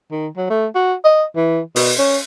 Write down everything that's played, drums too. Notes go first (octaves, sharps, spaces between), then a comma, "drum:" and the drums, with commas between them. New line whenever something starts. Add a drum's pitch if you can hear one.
D#3
F#3
A3
F#4
D#5
E3
B2, drum: open hi-hat
C#4